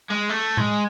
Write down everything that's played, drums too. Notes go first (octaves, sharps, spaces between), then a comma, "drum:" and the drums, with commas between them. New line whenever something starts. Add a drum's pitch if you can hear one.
G#3
A3
G#3, drum: tom A2